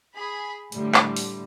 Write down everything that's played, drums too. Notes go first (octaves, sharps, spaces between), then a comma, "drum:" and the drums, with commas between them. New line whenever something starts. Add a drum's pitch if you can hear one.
G#4 B5
A2 D3 G3, drum: hi-hat
drum: clap
drum: open hi-hat